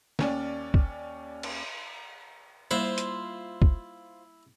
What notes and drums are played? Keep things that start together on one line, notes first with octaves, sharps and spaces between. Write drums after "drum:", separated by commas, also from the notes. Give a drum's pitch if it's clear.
D#2 C#4 D5, drum: snare
drum: kick
drum: cymbal
G3 A#3 E4 F4 C5
drum: hi-hat
drum: kick